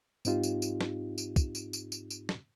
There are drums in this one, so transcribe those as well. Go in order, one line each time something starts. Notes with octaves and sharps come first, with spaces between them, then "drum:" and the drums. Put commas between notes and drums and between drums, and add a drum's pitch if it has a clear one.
G#2 C4 D#4 F4 G4, drum: tambourine
drum: tambourine
drum: tambourine
drum: snare
drum: tambourine
drum: kick, tambourine
drum: tambourine
drum: tambourine
drum: tambourine
drum: tambourine
drum: snare